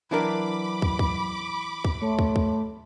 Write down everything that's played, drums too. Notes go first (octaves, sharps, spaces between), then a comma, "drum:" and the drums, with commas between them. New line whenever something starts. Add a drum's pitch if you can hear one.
E3 F#3 D4 A#4 B5 D6
drum: kick
drum: kick
drum: kick
A3 C#5 A5 C6
drum: kick
drum: kick